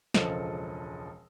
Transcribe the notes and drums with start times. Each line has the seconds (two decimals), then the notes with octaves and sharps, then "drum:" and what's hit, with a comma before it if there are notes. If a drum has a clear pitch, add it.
0.14 E1 C#2 F3 A4 D#5, drum: snare